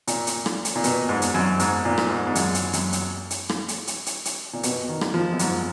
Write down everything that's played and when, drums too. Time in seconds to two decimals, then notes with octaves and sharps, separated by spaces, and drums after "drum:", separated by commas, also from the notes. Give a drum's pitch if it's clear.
0.07 A#2, drum: hi-hat
0.27 drum: hi-hat
0.46 drum: rim click
0.65 drum: hi-hat
0.76 A#2
0.84 B2, drum: hi-hat
1.09 G#2
1.22 drum: hi-hat
1.34 F#2
1.59 G#2, drum: hi-hat
1.85 A#2
1.98 drum: rim click
2.10 G#2
2.27 G#2
2.35 F#2, drum: hi-hat
2.55 drum: hi-hat
2.73 F#2, drum: hi-hat
2.92 drum: hi-hat
3.30 drum: hi-hat
3.49 drum: rim click
3.68 drum: hi-hat
3.87 drum: hi-hat
4.06 drum: hi-hat
4.25 drum: hi-hat
4.53 A#2
4.63 B2, drum: hi-hat
4.88 D#3
5.01 drum: rim click
5.14 F3
5.33 F#2
5.39 G#2, drum: hi-hat